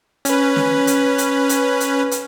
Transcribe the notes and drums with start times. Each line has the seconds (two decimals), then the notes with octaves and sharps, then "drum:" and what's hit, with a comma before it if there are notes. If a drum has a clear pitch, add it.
0.25 C#4 B4, drum: hi-hat
0.56 drum: snare
0.87 drum: hi-hat
1.18 drum: hi-hat
1.49 drum: hi-hat
1.80 drum: hi-hat
2.11 drum: hi-hat